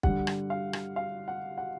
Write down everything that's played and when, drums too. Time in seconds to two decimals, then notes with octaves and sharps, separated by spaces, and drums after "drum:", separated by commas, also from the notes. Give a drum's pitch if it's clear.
0.03 G2 D3 G3 F#5, drum: kick
0.27 drum: rim click
0.50 F5
0.73 drum: rim click
0.96 F5
1.28 F#5
1.58 F#5